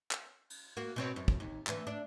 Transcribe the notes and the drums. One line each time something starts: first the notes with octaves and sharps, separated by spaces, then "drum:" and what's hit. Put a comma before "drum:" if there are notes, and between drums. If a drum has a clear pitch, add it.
drum: clap
drum: cymbal
A#3 F#4
B2 C4 C#5
F#2
drum: kick
D#2
D2 E3, drum: clap
D4